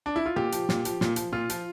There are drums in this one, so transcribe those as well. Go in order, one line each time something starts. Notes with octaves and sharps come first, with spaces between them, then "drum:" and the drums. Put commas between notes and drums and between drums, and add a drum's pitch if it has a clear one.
D4
E4
F4
A#2 G4, drum: tom
F3, drum: hi-hat
A#2, drum: snare
F3, drum: hi-hat
A#2, drum: snare
F3, drum: hi-hat
A#2 F4
F3, drum: hi-hat